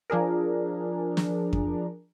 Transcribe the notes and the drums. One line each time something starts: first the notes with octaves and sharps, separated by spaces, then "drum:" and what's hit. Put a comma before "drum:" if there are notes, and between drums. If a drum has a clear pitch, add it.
F3 D4 G#4 A#4
drum: snare
drum: kick F2